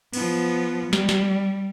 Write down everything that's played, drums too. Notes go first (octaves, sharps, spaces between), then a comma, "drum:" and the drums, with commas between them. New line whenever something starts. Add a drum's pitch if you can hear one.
F3 B3, drum: cymbal
G3, drum: snare
drum: snare